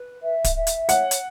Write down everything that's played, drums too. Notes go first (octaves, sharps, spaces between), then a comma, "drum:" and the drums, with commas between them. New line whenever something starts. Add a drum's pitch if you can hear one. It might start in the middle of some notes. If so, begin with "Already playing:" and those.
Already playing: B4
E5
drum: kick D1, hi-hat
E5
drum: hi-hat
C#5 F#5, drum: hi-hat
drum: hi-hat